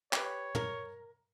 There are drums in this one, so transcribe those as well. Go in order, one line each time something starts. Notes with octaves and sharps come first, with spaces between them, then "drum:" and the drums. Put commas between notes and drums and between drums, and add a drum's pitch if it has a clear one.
G4 B4 C#5, drum: clap
A#4, drum: tom